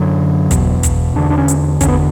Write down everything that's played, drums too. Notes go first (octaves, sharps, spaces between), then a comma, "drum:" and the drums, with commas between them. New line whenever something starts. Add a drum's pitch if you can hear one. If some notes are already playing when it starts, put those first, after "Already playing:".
Already playing: F#2 D3 F#3
E2 B2, drum: kick, hi-hat
drum: kick, hi-hat
E2 D3 D4
D4
C#4
drum: hi-hat
E2 D3 C#4, drum: kick, hi-hat
B3